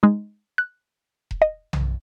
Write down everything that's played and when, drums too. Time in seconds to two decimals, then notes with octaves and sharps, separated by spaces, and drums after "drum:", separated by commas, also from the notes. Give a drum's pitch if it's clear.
0.03 G#3 D#4
0.58 F#6
1.31 drum: kick E1
1.42 D#5
1.73 drum: tom B1